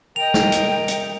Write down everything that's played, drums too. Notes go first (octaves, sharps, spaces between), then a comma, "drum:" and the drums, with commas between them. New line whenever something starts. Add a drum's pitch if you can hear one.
A#4 D#5 G5 F7
drum: snare
drum: hi-hat
drum: hi-hat